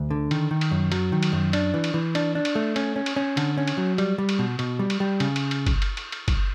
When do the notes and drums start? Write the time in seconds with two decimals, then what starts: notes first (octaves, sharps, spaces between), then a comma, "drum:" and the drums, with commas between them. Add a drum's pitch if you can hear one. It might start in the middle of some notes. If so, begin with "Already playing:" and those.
Already playing: D2
0.11 D3
0.31 D#3, drum: cymbal
0.51 D#3
0.61 drum: cymbal
0.71 F#2
0.92 F#3, drum: cymbal
1.12 D#3
1.23 drum: cymbal
1.32 F#2
1.53 D4, drum: cymbal
1.74 E3
1.84 drum: cymbal
1.94 E3
2.15 D4, drum: cymbal
2.35 D4
2.45 drum: cymbal
2.55 A3
2.76 C#4, drum: cymbal
2.96 C#4
3.06 drum: cymbal
3.16 C#4
3.37 D3, drum: cymbal
3.58 C#4
3.67 drum: cymbal
3.78 F#3
3.98 G3, drum: cymbal
4.18 G3
4.29 drum: cymbal
4.39 B2
4.59 B2, drum: cymbal
4.79 G3
4.90 drum: cymbal
5.00 G3
5.20 C#3, drum: cymbal
5.36 drum: cymbal
5.51 drum: cymbal
5.66 drum: kick F#1, cymbal
5.82 drum: cymbal
5.97 drum: cymbal
6.12 drum: cymbal
6.28 drum: kick F#1, cymbal